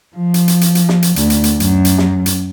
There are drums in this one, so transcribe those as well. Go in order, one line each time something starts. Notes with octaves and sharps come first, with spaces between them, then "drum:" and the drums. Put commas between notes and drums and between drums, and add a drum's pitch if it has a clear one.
F3
drum: hi-hat
drum: hi-hat
drum: hi-hat
drum: hi-hat
drum: snare
drum: hi-hat
D2, drum: hi-hat
drum: hi-hat
drum: hi-hat
F#2, drum: hi-hat
drum: hi-hat
drum: snare
drum: hi-hat